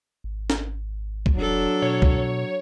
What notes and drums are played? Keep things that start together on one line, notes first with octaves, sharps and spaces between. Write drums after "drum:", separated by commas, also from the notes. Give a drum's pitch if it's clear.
G#1
drum: snare C#4
drum: kick
E1 F#3 D4 A4
B2 C#5
drum: kick